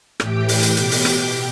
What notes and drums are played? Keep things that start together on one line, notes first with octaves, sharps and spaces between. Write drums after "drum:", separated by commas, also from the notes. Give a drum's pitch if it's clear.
A2 E3 G4 G5, drum: rim click
drum: open hi-hat
drum: hi-hat
B2, drum: hi-hat
drum: open hi-hat
G4 G5, drum: rim click